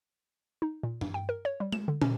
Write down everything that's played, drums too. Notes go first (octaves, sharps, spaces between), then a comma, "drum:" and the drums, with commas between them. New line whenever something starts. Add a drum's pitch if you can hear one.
D#4
A#2
G2, drum: tom G2
G5
A#4
C#5
G3
E7, drum: tom G#3
D3
C#4, drum: tom